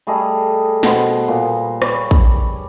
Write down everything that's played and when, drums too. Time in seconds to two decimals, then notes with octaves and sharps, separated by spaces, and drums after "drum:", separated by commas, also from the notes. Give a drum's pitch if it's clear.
0.07 G3 A3 G#4 D#5
0.83 B2 B3 C5, drum: snare
1.28 A#2
1.82 B4 C#5 D5, drum: rim click
2.11 drum: kick